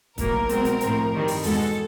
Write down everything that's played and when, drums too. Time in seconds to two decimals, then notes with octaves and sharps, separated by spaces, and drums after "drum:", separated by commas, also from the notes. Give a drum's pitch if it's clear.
0.18 B1 A2 F#3 A#3 A#4, drum: kick, hi-hat
0.49 C2 B2 G#3 C4, drum: hi-hat
0.65 drum: hi-hat
0.81 A2 F3 G#3 C4, drum: hi-hat
1.12 G2 D#3 G3 C4
1.28 drum: open hi-hat
1.43 E2 B2 G#3 B3 A4, drum: open hi-hat